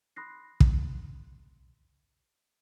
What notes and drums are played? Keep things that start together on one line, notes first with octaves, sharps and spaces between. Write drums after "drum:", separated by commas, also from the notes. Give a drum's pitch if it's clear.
B5 C6 D#6 F#6 A#6 C7
drum: kick